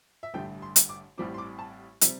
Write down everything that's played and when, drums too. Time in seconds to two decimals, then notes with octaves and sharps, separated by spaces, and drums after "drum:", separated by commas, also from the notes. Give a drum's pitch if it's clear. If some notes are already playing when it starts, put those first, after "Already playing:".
0.23 E5
0.34 A1 G2 D3 A3 G5
0.62 C6
0.76 drum: hi-hat
0.89 D6
1.17 A1 A2 G3 C4 D6
1.34 C6
1.38 D6
1.59 A5
2.01 C3 G3 C4 E5, drum: hi-hat